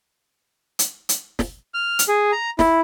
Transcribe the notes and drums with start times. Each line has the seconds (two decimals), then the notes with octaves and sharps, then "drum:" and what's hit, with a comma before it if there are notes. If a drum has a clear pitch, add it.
0.79 drum: hi-hat
1.09 drum: hi-hat
1.39 drum: snare
1.74 F6
1.99 drum: hi-hat
2.08 G#4
2.32 A#5
2.59 E4, drum: snare